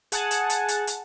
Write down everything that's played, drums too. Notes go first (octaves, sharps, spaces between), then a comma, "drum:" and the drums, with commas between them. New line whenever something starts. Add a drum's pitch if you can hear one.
G#4 F#5 G#5 A5, drum: hi-hat
drum: hi-hat
drum: hi-hat
drum: hi-hat
drum: hi-hat